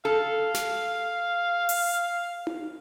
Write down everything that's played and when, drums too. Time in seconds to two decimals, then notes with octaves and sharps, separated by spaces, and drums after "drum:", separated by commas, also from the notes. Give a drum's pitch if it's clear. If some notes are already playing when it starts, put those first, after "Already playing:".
0.05 A4 F5
0.54 drum: snare
1.69 drum: open hi-hat
2.47 drum: tom D#4